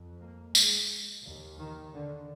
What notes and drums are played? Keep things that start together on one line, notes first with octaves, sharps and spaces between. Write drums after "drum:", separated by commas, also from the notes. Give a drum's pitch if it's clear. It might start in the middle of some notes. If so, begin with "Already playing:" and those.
Already playing: F2
A#3
G#3, drum: tambourine
D#2
D#3
D3